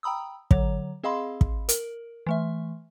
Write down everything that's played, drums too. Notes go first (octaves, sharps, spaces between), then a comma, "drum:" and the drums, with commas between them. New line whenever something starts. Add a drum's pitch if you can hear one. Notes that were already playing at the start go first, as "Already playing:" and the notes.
G5 A#5 B5 D#6 E6
D3 F#3 C#5, drum: kick
C4 G#4 D#5 F5 B5 C6
drum: kick
A#4, drum: hi-hat
E3 A3 E5